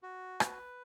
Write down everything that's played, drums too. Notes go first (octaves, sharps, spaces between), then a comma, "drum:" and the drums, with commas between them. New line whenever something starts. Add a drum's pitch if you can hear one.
F#4
B4, drum: rim click